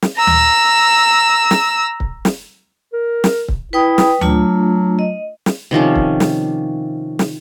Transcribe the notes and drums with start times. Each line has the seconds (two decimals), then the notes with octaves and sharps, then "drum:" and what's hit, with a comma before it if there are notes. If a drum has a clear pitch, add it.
0.02 drum: snare
0.16 A#5 E6
0.27 drum: tom D2
1.51 drum: snare
2.00 drum: kick C#1
2.25 drum: snare
2.93 A#4
3.24 drum: snare
3.48 drum: kick C#1
3.73 E4 B4 G5 D#6
3.98 drum: snare
4.21 F#3 A3 D4 F4, drum: tom D2
4.99 D#5
5.46 drum: snare
5.71 C3 D#3 F3 C#4
5.96 drum: kick C#1
6.20 drum: snare
7.19 drum: snare